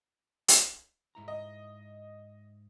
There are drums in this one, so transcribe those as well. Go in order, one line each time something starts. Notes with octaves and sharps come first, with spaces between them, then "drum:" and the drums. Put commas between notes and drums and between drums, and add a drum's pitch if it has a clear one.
drum: hi-hat
G#2 E4 A#5
D#5